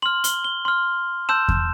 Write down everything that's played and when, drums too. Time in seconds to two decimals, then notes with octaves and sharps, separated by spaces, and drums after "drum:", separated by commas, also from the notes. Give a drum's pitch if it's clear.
0.02 C6 F6 F#7
0.24 G7, drum: hi-hat
0.44 G7
0.65 C6 F6
1.29 A5 C6 E6 G6 E7
1.48 drum: kick E2